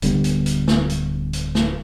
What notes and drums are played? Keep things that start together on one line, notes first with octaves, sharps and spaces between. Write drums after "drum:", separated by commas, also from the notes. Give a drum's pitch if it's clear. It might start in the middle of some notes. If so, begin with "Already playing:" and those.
D1 D3 G3 B3, drum: hi-hat
drum: hi-hat
drum: hi-hat
drum: snare
drum: hi-hat
drum: hi-hat
drum: snare